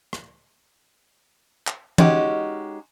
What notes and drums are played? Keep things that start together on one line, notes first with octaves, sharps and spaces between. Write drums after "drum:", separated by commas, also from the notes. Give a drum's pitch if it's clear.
drum: rim click
drum: clap
G#3 C#4 D#4 F#4 G4, drum: tom E3